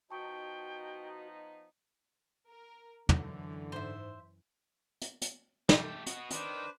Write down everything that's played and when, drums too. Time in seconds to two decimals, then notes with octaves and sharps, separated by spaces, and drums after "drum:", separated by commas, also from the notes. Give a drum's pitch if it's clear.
0.10 F3 B3 D#4 F#4 G5 A5 C#6
2.51 A#4
3.09 F#2 D3 E3, drum: tom
3.72 G#2 C5 E5
5.02 drum: hi-hat
5.22 drum: hi-hat
5.69 A3 G4 G6, drum: snare
6.06 B3 F#4 D#5, drum: hi-hat
6.31 D#3 D4 B4 C5, drum: hi-hat